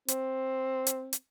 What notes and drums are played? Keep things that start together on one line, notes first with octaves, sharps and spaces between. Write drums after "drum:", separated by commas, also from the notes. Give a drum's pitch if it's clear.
C4, drum: hi-hat
drum: hi-hat
drum: hi-hat